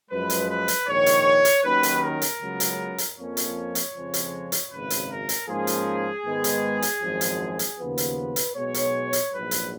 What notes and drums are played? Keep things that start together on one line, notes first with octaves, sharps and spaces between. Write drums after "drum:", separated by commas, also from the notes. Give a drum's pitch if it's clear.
F#2 F3 G#3 B4
drum: hi-hat
B4
drum: hi-hat
A#1 G#2 D#3 C#5
drum: hi-hat
drum: hi-hat
D#2 D#3 F#3 C#4 B4
drum: hi-hat
A#4
drum: hi-hat
C#2 C#3 F#3 B3
drum: hi-hat
drum: hi-hat
F2 F3 A#3 C#4 C#5
drum: hi-hat
drum: hi-hat
F2 C#3 F3 G#3
drum: hi-hat
drum: hi-hat
G#1 F#2 C#3 B4
drum: hi-hat
A#4
drum: hi-hat
G#2 F3 A#3 C#4 G#4
drum: hi-hat
G#2 D#3 G#3 B3
drum: hi-hat
drum: hi-hat
G#1 F#2 F3
drum: hi-hat
drum: hi-hat
D#2 C#3 F3 B3 B4
drum: hi-hat
drum: hi-hat
B1 B2 G#3 B3 C#5
drum: hi-hat
drum: hi-hat
A#1 G#2 F#3 B4
drum: hi-hat